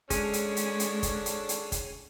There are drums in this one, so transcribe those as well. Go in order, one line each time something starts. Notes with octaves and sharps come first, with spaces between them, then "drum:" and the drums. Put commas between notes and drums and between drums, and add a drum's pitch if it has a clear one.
G#3 C#4 D4 G#4 A4 C#5, drum: kick, hi-hat
drum: hi-hat
drum: hi-hat
drum: hi-hat
drum: kick, hi-hat
drum: hi-hat
drum: hi-hat
drum: kick, hi-hat